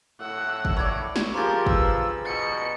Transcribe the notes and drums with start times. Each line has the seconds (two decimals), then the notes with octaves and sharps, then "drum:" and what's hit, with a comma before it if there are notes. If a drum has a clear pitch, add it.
0.20 A2 F#5 E6
0.65 drum: kick
0.77 C#5 D5 B5 G#6
1.16 drum: snare
1.34 F3 G4 G#4 A#4 C5 A#5 C6 A6
1.66 B4 E6, drum: kick
2.25 B2 A6 C#7